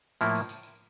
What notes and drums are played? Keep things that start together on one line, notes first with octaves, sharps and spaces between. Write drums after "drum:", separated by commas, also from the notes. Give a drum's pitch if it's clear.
A2 F3 A#3 E4, drum: tambourine
drum: tambourine
drum: tambourine
drum: tambourine